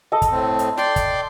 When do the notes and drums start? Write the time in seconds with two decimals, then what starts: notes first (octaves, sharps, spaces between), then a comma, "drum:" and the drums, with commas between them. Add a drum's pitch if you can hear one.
0.12 A4 D#5 A5
0.22 drum: kick, hi-hat
0.32 A2 C4
0.59 drum: hi-hat
0.77 D5 G5 C6, drum: snare
0.96 drum: kick, hi-hat